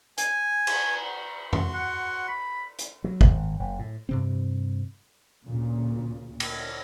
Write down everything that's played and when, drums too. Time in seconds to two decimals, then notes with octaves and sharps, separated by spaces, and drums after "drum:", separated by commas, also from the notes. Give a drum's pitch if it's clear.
0.18 G#5, drum: hi-hat
0.67 drum: cymbal
1.53 F#4 C6 C#6, drum: tom F2
1.74 F#5
2.28 B5
2.79 drum: hi-hat
3.04 F#3
3.21 G#1, drum: kick
3.59 F#1
3.79 A2
4.09 G2 C3 C4
5.45 D2 A#2 C#3
6.40 drum: cymbal